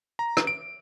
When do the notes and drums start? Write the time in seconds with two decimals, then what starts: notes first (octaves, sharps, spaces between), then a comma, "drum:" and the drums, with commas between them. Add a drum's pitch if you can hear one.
0.19 A#5
0.37 drum: rim click
0.47 D7